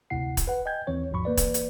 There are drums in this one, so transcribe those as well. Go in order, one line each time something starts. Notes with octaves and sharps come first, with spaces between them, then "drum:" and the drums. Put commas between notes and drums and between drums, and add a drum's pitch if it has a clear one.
G1 D2 C3 E4 F#5 C7
drum: kick, hi-hat
B4 F#5
D#5 G5 G#5 G6 G#6
D#2 E3 C4 C#5
G#1 E2 G#2 F3 B5 C#6
E3 A#3 B4 D5
drum: kick, hi-hat
drum: hi-hat